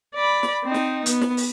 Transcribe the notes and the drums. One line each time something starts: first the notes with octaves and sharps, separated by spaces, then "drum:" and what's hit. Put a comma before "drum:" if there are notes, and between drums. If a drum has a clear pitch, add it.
D5 B5
drum: snare
C4 D#4
drum: snare
B3, drum: hi-hat
drum: snare
drum: open hi-hat